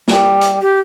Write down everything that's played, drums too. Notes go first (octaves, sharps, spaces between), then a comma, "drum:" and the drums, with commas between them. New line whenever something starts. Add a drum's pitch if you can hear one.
G3, drum: snare
drum: hi-hat
G4